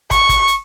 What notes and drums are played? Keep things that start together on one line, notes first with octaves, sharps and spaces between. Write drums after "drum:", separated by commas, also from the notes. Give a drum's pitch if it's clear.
C#6, drum: kick, hi-hat
drum: kick, hi-hat
drum: hi-hat